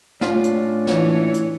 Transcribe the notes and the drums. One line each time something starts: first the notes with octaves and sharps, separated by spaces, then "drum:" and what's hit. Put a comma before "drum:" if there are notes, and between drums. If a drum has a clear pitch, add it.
A2 C#4 D4 F4, drum: snare
drum: hi-hat
E3 C#5, drum: snare
drum: hi-hat